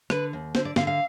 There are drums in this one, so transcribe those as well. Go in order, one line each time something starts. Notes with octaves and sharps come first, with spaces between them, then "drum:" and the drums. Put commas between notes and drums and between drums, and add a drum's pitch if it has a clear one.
D3 B4, drum: rim click
D#2
D3 C5, drum: snare
D5
D3 F5, drum: snare
F5